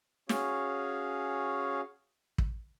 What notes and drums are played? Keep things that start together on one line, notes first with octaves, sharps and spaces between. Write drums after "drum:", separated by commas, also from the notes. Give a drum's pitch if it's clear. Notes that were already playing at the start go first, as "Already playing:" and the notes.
C#4 F#4 G#4 C#5 F5, drum: snare
drum: kick